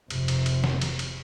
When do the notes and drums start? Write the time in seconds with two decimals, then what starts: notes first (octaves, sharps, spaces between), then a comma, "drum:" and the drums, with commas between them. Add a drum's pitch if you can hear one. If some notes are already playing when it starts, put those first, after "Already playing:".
0.10 F1 C3, drum: cymbal
0.28 drum: cymbal
0.46 drum: cymbal
0.64 drum: snare
0.81 drum: cymbal
0.99 drum: cymbal